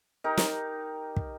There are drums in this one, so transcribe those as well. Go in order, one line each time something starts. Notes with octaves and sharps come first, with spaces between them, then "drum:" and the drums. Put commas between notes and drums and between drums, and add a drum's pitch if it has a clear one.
D#4 G4 A#4
drum: snare
drum: kick